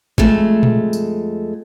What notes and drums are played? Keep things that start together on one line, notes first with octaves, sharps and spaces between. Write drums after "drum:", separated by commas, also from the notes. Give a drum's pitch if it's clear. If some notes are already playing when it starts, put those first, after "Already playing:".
F2 G#3 A3, drum: kick G#1
drum: tom A#2
drum: tambourine